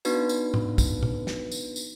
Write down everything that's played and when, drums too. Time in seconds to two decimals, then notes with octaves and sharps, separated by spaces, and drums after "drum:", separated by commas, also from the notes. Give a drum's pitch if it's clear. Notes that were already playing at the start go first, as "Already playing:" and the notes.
0.05 B3 D4 D#4 F#4 B4, drum: tambourine
0.29 drum: tambourine
0.54 drum: tom A2
0.78 drum: kick, tambourine
1.03 drum: tom
1.27 drum: snare
1.51 drum: tambourine
1.76 drum: tambourine